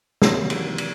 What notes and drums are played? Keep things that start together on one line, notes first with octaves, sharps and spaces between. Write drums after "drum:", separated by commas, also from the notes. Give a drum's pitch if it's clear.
C3 D#3 E3 F#3 A#3 C#4, drum: snare
drum: cymbal
drum: cymbal